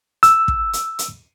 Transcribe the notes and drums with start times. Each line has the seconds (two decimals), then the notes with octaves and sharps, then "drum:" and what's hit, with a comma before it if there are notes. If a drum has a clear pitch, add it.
0.23 E6, drum: hi-hat
0.48 drum: kick
0.73 drum: hi-hat
0.99 drum: hi-hat